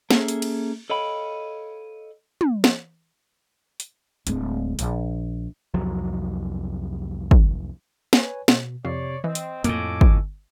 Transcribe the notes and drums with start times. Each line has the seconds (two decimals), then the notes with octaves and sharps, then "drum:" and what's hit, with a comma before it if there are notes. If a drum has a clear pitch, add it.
0.11 A#3 C#4 G#4 A4 E5, drum: snare
0.28 drum: hi-hat
0.42 drum: cymbal
0.90 A4 C#5 D#5 F5 G5 B5
2.41 drum: tom
2.64 drum: snare
3.80 drum: hi-hat
4.27 D1 G#3, drum: hi-hat
4.79 A#1, drum: hi-hat
5.74 C2 F2 F#3
7.31 drum: kick
8.13 B4 C#5 G#5, drum: snare
8.48 B2, drum: snare
8.85 F2 C3 C#5 D5 C7
9.24 E3 C4 D#5
9.35 drum: hi-hat
9.64 F2 A2 A#3 A4 G#5 D6, drum: hi-hat
10.01 drum: kick